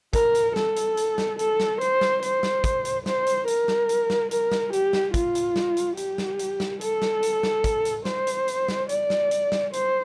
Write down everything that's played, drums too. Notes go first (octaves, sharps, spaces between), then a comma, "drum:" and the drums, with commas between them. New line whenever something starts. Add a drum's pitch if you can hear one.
A#4, drum: kick, hi-hat
drum: hi-hat
A4, drum: snare
drum: hi-hat
drum: hi-hat
drum: snare
A4, drum: hi-hat
drum: snare
C5, drum: hi-hat
drum: snare
C5, drum: hi-hat
drum: snare
drum: kick, hi-hat
drum: hi-hat
C5, drum: snare
drum: hi-hat
A#4, drum: hi-hat
drum: snare
drum: hi-hat
drum: snare
A#4, drum: hi-hat
drum: snare
G4, drum: hi-hat
drum: snare
F4, drum: kick, hi-hat
drum: hi-hat
drum: snare
drum: hi-hat
G4, drum: hi-hat
drum: snare
drum: hi-hat
drum: snare
A4, drum: hi-hat
drum: snare
drum: hi-hat
drum: snare
drum: kick, hi-hat
drum: hi-hat
C5, drum: snare
drum: hi-hat
drum: hi-hat
drum: snare
D5, drum: hi-hat
drum: snare
drum: hi-hat
drum: snare
C5, drum: hi-hat